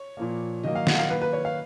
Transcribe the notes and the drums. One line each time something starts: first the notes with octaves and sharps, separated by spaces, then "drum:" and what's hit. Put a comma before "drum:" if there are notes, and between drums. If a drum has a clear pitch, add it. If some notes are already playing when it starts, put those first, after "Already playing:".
Already playing: C#5
A#2 F3 A#3
D#3 F#3 A#3 D#5
F5
F#5, drum: snare
F5
D#3 A#3 B4
B4
C#5
F5